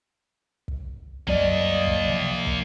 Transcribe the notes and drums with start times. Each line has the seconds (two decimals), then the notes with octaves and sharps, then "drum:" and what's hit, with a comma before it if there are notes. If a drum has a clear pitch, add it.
0.68 drum: kick
1.27 F#2 F#3 G3 A#3 D5 D#5, drum: kick
1.87 drum: kick
2.08 C3 F3
2.46 drum: kick